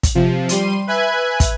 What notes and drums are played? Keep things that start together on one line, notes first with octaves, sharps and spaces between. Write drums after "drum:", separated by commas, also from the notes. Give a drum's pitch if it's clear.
drum: kick, hi-hat
C3 F3
G3 C6 D#7, drum: hi-hat
B4 E5 G#5 F#6 G#6
drum: kick, hi-hat